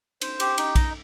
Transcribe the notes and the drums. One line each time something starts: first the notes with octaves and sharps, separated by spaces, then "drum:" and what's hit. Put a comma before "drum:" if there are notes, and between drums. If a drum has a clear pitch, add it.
C5, drum: cymbal
G4, drum: cymbal
D#4, drum: cymbal
D#5, drum: kick, cymbal